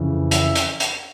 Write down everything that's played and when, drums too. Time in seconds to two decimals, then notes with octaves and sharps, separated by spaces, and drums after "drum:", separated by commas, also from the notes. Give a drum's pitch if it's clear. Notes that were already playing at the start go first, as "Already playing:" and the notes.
Already playing: F2 C#3 E3
0.31 E5, drum: hi-hat
0.55 drum: hi-hat
0.80 drum: hi-hat